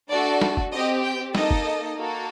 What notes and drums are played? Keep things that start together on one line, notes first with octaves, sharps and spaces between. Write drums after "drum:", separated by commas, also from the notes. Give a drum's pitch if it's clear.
A3 D4 F#4 A4 D5
drum: snare
drum: kick F#1
C4 G4 D#5
G5
A#3 D#4 A4 D#5, drum: snare
drum: kick F#1
A#3 F#4 A4